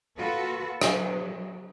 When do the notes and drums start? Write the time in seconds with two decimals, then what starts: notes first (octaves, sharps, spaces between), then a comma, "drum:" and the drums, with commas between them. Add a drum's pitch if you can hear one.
0.18 A#3 F4 F#4 A4 B4
0.81 F#3, drum: rim click